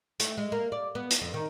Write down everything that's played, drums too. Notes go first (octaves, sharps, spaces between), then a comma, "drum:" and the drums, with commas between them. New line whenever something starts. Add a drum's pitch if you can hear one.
A3, drum: hi-hat
G#3
A#3
D5
B3
drum: hi-hat
F2
D#3